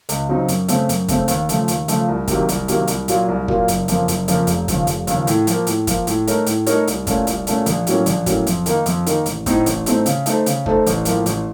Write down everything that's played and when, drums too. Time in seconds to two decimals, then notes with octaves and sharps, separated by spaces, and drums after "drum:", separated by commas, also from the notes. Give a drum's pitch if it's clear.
0.09 C#2, drum: hi-hat
0.29 C#3 F#3 C4 D#4
0.48 F#2, drum: hi-hat
0.68 C#3 A3 C4, drum: hi-hat
0.89 F#2, drum: hi-hat
1.08 C#3 A3 C4, drum: kick, hi-hat
1.28 D#2, drum: hi-hat
1.49 C#3 F3 A3, drum: hi-hat
1.68 D#2, drum: hi-hat
1.88 C#3 F3 A3, drum: hi-hat
2.08 C2
2.27 C3 D#3 F#3 A#3, drum: kick, hi-hat
2.49 C2, drum: hi-hat
2.68 C3 D#3 F#3 A#3, drum: hi-hat
2.87 C2, drum: hi-hat
3.08 A#2 F#3 A#3 F4, drum: hi-hat
3.28 C2
3.48 A#2 F#3 A#3 F4, drum: kick
3.68 F#1, drum: hi-hat
3.88 F2 C#3 F3 A#3, drum: hi-hat
4.08 F#1, drum: hi-hat
4.28 F2 C#3 F3 A#3, drum: hi-hat
4.47 F1, drum: hi-hat
4.68 D#2 C#3 F3, drum: kick, hi-hat
4.87 F1, drum: hi-hat
5.07 D#2 C#3 F3, drum: hi-hat
5.27 A2, drum: hi-hat
5.47 F3 A#3, drum: hi-hat
5.67 A2, drum: hi-hat
5.87 F3 A#3, drum: kick, hi-hat
6.07 A2, drum: hi-hat
6.27 A3 D#4 A#4 C#5, drum: hi-hat
6.46 A2, drum: hi-hat
6.66 A3 D#4 A#4 C#5, drum: hi-hat
6.87 C2, drum: hi-hat
7.07 A#2 A3 C#4, drum: kick, hi-hat
7.27 C2, drum: hi-hat
7.47 A#2 A3 C#4, drum: hi-hat
7.66 A#1, drum: hi-hat
7.87 A2 F#3 A#3 C#4, drum: hi-hat
8.06 A#1, drum: hi-hat
8.26 A2 F#3 A#3 C#4, drum: kick, hi-hat
8.47 F2, drum: hi-hat
8.66 D#3 A#3 D#4, drum: hi-hat
8.86 F2, drum: hi-hat
9.06 D#3 A#3 D#4, drum: hi-hat
9.26 A1, drum: hi-hat
9.46 A2 A3 C4 D#4, drum: kick, hi-hat
9.66 A1, drum: hi-hat
9.86 A2 A3 C4 D#4, drum: hi-hat
10.06 C#3, drum: hi-hat
10.26 A3 D#4 A4 C5, drum: hi-hat
10.46 C#3, drum: hi-hat
10.66 A3 D#4 A4 C5, drum: kick
10.86 A1, drum: hi-hat
11.05 A2 F3 A#3, drum: hi-hat
11.26 A1, drum: hi-hat